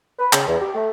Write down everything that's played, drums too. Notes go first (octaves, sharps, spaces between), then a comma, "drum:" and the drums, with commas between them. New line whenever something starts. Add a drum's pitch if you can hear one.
B4
C#3, drum: clap
E2
G4
A3